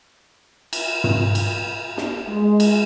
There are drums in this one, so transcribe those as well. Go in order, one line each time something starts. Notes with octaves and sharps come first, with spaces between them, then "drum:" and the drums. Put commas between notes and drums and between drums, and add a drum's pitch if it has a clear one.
drum: cymbal
drum: tom
drum: cymbal
drum: snare
G#3
drum: cymbal